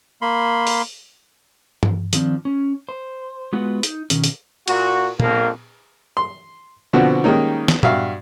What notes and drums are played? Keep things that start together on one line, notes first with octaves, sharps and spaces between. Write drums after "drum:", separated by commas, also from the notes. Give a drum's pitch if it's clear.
A#3 B5 C6
drum: open hi-hat
drum: tom G2
D#3 F3 C4 D4, drum: hi-hat
C#4
C5
G#3 B3 F4 F#4 B4 F#5
D#4, drum: hi-hat
B2 D#3 C#4, drum: hi-hat
drum: hi-hat
A#2 F#4, drum: cymbal
A#1 F2 A#3 A#4, drum: tom A#2
C6
B2 D3 F3 B3 C4 F#4
D#3 G3 G#3 A#3 C#4 D#4
drum: snare
G2 F#4 E5 F5, drum: tom A#2